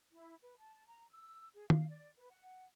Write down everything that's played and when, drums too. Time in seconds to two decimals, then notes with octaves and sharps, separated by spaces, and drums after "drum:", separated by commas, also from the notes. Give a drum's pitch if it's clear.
0.13 E4
0.41 B4
0.59 A5
0.86 A#5
1.10 E6
1.53 G#4
1.70 F5, drum: tom
1.90 D5
2.16 B4
2.30 F#5